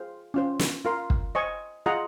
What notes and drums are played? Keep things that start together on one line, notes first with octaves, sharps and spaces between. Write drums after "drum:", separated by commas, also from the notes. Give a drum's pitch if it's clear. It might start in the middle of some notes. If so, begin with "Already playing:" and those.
Already playing: F4 G#4 C5 F5
C#4 F4 C5
drum: snare
F4 A#4 F5 C6
drum: kick
C5 D#5 G#5 C#6
F4 G#4 D#5 F#5 A#5